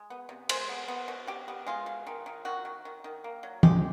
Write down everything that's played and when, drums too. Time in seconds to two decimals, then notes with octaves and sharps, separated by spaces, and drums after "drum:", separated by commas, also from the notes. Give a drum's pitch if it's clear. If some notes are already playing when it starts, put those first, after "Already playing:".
Already playing: G#3
0.10 B3
0.29 C3
0.49 G#3 C5, drum: cymbal
0.69 B3
0.88 B3
1.08 B2
1.28 B2 G4
1.48 B3
1.67 G#3 F4
1.86 B2
2.07 D#3
2.26 D#3
2.45 D#3 F#4
2.65 D#3
2.85 D#3
3.04 D#3
3.24 A#3
3.43 F#3
3.63 G#3 G4, drum: tom E3